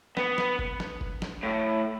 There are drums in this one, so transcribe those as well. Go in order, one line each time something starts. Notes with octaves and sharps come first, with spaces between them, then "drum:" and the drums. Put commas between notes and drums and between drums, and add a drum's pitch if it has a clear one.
B3, drum: snare
drum: snare
drum: kick F#1
drum: snare
drum: kick F#1
drum: snare
A2